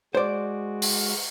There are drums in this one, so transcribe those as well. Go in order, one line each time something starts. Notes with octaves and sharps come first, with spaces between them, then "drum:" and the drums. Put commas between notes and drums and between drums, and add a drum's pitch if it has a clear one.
G#3 F#4 C5 D5
drum: open hi-hat